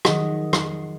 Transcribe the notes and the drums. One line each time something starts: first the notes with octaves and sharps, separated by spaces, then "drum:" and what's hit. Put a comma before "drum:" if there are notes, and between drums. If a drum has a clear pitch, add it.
D#3 F3 F#3 G#4 D#5 F#5, drum: rim click
drum: rim click